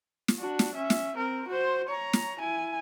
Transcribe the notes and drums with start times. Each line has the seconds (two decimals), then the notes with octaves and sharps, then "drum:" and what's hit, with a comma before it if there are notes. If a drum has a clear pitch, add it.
0.28 drum: snare
0.38 D4 F#4
0.59 drum: snare
0.75 C#4 E5
0.90 drum: snare
1.15 C4 A#4
1.48 F#4 C5
1.89 C#5 A#5
2.13 drum: snare
2.39 E4 G#5